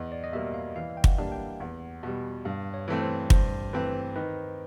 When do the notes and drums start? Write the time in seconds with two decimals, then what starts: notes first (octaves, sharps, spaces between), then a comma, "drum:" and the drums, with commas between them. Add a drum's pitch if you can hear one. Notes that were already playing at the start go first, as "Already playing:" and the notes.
Already playing: E2 D#5
0.12 D5
0.24 D#5
0.33 B2 G3 A#3 E5
0.54 F5
0.76 E3 F5
0.97 G5
1.04 F#5, drum: kick
1.18 G3 A#3 D4
1.32 G5
1.60 E2 F#5
2.03 B2 G3
2.45 G2 F5
2.74 C#5
2.88 E3 A3 C4
3.02 C5
3.30 G2 C5, drum: kick
3.73 E3 A3 C4 B4
4.15 D#3 B4